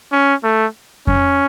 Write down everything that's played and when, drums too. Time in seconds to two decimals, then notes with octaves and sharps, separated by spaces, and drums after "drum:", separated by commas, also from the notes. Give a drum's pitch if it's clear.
0.12 C#4
0.44 A3
1.07 C#4, drum: kick F2